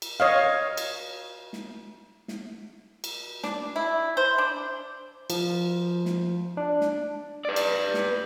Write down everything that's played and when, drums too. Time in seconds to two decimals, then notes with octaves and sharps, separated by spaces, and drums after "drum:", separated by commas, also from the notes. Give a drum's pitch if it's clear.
0.02 drum: cymbal
0.20 C#5 D#5 F5
0.77 drum: cymbal
1.53 drum: snare
2.28 drum: snare
3.04 drum: cymbal
3.44 D4, drum: snare
3.76 E4
4.17 C5
4.38 D4
5.30 F3, drum: cymbal
6.05 drum: snare
6.57 D4
6.81 drum: snare
7.45 B4 D5
7.56 drum: cymbal
7.94 drum: snare